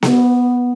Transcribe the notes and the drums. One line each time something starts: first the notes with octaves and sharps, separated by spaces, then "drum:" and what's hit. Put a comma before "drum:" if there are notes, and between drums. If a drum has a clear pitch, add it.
B3, drum: snare B3